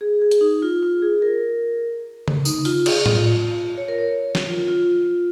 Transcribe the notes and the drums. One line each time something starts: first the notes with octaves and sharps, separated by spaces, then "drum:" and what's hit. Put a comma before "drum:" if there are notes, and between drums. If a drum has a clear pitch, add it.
G#4
G#4
drum: hi-hat
D#4
F4
F4
G#4
A#4
drum: tom C#3
D#4, drum: tambourine
F4, drum: open hi-hat
G#4, drum: cymbal
F4, drum: tom A2
C#5
A#4
C#5
drum: snare
F4
F4